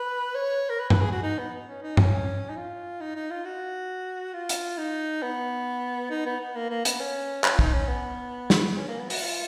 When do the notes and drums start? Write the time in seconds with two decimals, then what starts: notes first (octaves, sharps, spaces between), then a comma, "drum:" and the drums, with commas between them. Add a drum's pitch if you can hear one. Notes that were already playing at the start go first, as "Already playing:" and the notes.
Already playing: B4
0.35 C#5
0.70 A#4
0.80 B4
0.90 B4, drum: tom G2
1.01 G#4
1.13 F#4
1.23 D#4
1.38 B3
1.68 C#4
1.83 D#4
1.97 C#4, drum: tom G2
2.50 D#4
2.57 F4
3.01 D#4
3.16 D#4
3.31 F4
3.45 F#4
4.34 F4
4.49 drum: hi-hat
4.78 D#4
5.22 B3
6.11 D#4
6.26 B3
6.40 B3
6.56 A#3
6.70 A#3
6.85 B3, drum: hi-hat
7.00 C#4
7.44 C#4, drum: clap
7.54 F4
7.59 D#4, drum: kick
7.73 C#4
7.88 B3
8.50 drum: snare
8.77 C#4
8.88 A#3
8.99 B3
9.10 F#4, drum: open hi-hat
9.22 F4